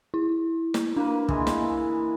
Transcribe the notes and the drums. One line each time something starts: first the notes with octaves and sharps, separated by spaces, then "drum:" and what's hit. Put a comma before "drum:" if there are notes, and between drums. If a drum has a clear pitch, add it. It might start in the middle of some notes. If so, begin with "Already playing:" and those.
E4
drum: snare
A#3 D4 B4
E3 G#3, drum: kick
drum: snare